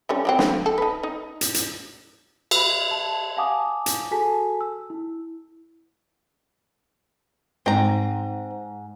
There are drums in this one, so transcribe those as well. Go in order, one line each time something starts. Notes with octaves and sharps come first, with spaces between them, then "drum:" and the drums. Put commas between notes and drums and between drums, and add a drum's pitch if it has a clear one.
D3 G3 C#4
E3 F#3 C4
C4 F4, drum: snare
A4
D#4 B4
D#4
drum: hi-hat
drum: hi-hat
B5 E6, drum: cymbal
A5
F5 F#5 G#5 A5 D6 D#6
drum: hi-hat
F#4 G#4 A4 G#5 A5 B6
E6
E4
G#2 C4 A#5